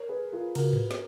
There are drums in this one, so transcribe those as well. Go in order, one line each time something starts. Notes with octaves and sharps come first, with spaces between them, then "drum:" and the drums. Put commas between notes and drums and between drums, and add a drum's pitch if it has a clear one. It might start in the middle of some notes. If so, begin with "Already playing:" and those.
Already playing: A#4 C#5
G#4 B4
F4 G#4
C#3 F#4 A#4, drum: cymbal
drum: tom G#2
drum: snare